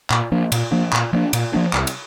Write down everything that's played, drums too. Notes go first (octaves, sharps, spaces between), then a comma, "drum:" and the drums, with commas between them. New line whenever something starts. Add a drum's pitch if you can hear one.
A#2, drum: clap
F3 A#3 D4
A#2, drum: cymbal
F3 A#3 D4
A#2, drum: clap
F3 A#3 D4
A#2, drum: cymbal
F3 A#3 D4
C2, drum: clap
drum: cymbal